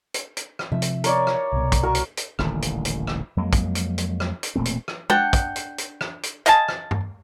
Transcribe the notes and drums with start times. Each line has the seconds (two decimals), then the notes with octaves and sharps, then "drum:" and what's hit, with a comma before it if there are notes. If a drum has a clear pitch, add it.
0.14 drum: hi-hat
0.37 drum: hi-hat
0.59 drum: rim click
0.72 C3 F3 E5
0.82 drum: hi-hat
1.04 A#4 C#5 D5, drum: hi-hat
1.27 drum: rim click
1.53 C2 B2
1.72 drum: kick, hi-hat
1.83 F#4 A#4 C#6
1.95 drum: hi-hat
2.17 drum: hi-hat
2.39 D#1 A1 D3 D#3, drum: rim click
2.62 drum: hi-hat
2.85 drum: hi-hat
3.07 drum: rim click
3.37 F2 F#3 G#3 A#3
3.53 drum: kick, hi-hat
3.75 drum: hi-hat
3.98 drum: hi-hat
4.20 drum: rim click
4.43 drum: hi-hat
4.55 E1 A#2 A3 C4
4.65 drum: hi-hat
4.88 drum: rim click
5.10 D4 F#5 G5, drum: tom
5.33 drum: kick, hi-hat
5.56 drum: hi-hat
5.78 drum: hi-hat
6.01 drum: rim click
6.23 drum: hi-hat
6.46 D#5 F5 G#5 A5, drum: hi-hat
6.68 drum: rim click
6.91 drum: tom G2